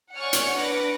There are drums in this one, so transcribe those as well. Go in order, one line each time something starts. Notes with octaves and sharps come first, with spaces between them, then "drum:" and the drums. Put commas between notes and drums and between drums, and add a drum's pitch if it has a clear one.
C#5 D5 F#5 G#5 C#6 F6
drum: hi-hat
D4 B4 F#5 D6 A#6